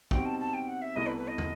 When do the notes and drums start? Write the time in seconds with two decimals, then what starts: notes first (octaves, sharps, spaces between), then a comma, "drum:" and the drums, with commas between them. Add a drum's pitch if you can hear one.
0.11 B2 G3 C4 D#4 F#4 G5, drum: kick
0.26 A5
0.40 A5
0.54 G5
0.68 F#5
0.82 E5
0.96 C2 B2 A3 E4 D#5
1.07 B4
1.17 B4
1.28 D#5
1.38 drum: tom